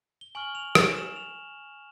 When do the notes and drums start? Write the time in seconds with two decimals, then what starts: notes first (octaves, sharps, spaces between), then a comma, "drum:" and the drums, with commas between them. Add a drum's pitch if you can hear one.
0.21 G7
0.35 G#5 C#6 F6 F#7
0.55 F7
0.75 E7, drum: rim click
0.96 E7
1.16 F7